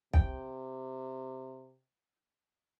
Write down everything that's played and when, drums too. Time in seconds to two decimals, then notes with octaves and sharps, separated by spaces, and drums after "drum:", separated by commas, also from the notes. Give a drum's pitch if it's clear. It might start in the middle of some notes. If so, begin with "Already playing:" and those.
0.14 C3 G5, drum: kick